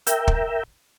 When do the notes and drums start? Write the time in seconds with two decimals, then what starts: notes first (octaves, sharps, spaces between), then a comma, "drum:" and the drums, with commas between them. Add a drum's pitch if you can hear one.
0.07 A#4 E5 G5, drum: hi-hat
0.28 drum: kick